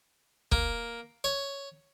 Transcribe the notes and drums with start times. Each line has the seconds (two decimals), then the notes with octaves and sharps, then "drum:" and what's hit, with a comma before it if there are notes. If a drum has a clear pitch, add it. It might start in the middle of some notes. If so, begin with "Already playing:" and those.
0.52 A#3, drum: kick
1.24 C#5